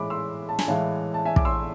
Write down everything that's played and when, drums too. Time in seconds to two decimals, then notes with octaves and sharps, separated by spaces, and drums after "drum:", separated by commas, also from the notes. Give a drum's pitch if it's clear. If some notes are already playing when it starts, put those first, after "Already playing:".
Already playing: A2 E3 G#3 B5 D6
0.10 C6 E6
0.49 A5
0.59 G#5, drum: snare
0.68 A2 E3 G#3 F5 A5
1.14 A5
1.25 E5 G#5
1.36 D6, drum: kick
1.45 C6 E6